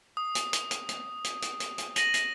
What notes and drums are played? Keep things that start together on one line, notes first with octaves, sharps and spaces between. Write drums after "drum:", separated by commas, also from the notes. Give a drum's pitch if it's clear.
D#6
drum: hi-hat
drum: hi-hat
drum: hi-hat
drum: hi-hat
drum: hi-hat
drum: hi-hat
drum: hi-hat
drum: hi-hat
A#6 D#7 F#7, drum: hi-hat
drum: hi-hat